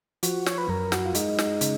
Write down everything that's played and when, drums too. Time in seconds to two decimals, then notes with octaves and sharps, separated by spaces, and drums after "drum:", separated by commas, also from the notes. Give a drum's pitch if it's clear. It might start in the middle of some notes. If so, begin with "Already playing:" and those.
0.23 F3 F#4, drum: hi-hat
0.46 C#5, drum: snare
0.58 B4
0.68 F#2 A#4
0.92 F#4, drum: snare
1.06 F4
1.15 G#3 D#4, drum: hi-hat
1.38 drum: snare
1.61 C#3, drum: hi-hat